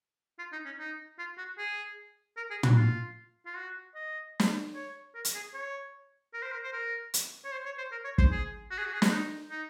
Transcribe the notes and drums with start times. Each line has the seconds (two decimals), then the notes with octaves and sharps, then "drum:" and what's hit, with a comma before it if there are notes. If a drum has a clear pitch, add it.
0.39 F4
0.52 D#4
0.65 C#4
0.79 D#4
1.19 F4
1.38 F#4
1.58 G#4
2.37 A#4
2.50 G#4
2.63 F#4, drum: tom
2.77 F4
3.46 F4
3.56 F#4
3.95 D#5
4.39 drum: snare
4.75 C#5
5.15 A#4
5.25 drum: hi-hat
5.35 G#4
5.54 C#5
6.34 A#4
6.42 C5
6.51 A#4
6.63 C5
6.73 A#4
7.14 drum: hi-hat
7.45 C#5
7.52 C5
7.65 C#5
7.78 C5
7.92 A#4
8.04 C#5
8.18 C5, drum: kick
8.31 G#4
8.71 F#4
8.78 G#4
8.86 F#4
8.94 G#4
9.02 F#4, drum: snare
9.10 D#4
9.50 D#4